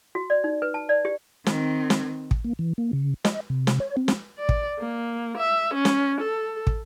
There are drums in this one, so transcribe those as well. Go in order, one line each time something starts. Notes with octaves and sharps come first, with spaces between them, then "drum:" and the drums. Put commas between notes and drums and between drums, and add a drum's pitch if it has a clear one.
F#4
D5
D#4
B4
A5
D5
G4
D#3 C4, drum: snare
drum: snare
drum: kick
A#3
E3
A#3
C#3
D#5, drum: snare
C3
drum: snare
C#5
C4
drum: snare
D5
drum: kick
A#3
E5
C#4
drum: snare
A4
drum: kick